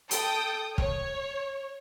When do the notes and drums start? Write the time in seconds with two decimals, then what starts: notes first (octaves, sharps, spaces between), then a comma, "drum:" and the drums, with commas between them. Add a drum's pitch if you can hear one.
0.11 A4 G5 D#6, drum: hi-hat
0.78 C#5, drum: kick